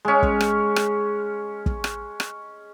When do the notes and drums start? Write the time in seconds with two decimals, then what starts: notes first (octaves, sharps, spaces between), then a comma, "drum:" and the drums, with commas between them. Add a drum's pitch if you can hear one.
0.05 G#3 C#4
0.23 drum: kick
0.40 drum: rim click
0.76 drum: rim click
1.66 drum: kick
1.84 drum: rim click
2.20 drum: rim click